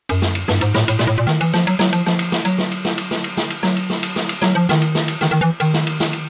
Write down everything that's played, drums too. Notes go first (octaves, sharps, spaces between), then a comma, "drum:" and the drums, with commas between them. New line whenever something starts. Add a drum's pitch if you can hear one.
F#2, drum: cymbal
drum: snare
drum: cymbal
G2, drum: snare
G#2, drum: cymbal
A2, drum: snare
A2, drum: cymbal
A#2, drum: snare
A2
A#2
D#3, drum: snare
E3, drum: cymbal
F3, drum: snare
F#3, drum: cymbal
F#3, drum: snare
F3, drum: cymbal
F3, drum: snare
drum: cymbal
drum: snare
F#3, drum: cymbal
drum: snare
drum: cymbal
drum: snare
drum: cymbal
drum: snare
drum: cymbal
drum: snare
drum: cymbal
F#3, drum: snare
drum: cymbal
drum: snare
drum: cymbal
drum: snare
drum: cymbal
F#3, drum: snare
F3
D#3, drum: snare
drum: cymbal
drum: snare
drum: cymbal
D#3, drum: snare
D#3
E3
D#3, drum: cymbal
drum: snare
drum: cymbal
drum: snare
drum: cymbal